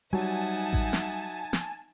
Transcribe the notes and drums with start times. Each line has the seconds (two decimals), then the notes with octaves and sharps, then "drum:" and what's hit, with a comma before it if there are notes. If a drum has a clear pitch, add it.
0.13 F#3 G3 D#4 E5 F#5 G#5 A5
0.73 drum: kick A1
0.93 drum: snare
1.53 drum: snare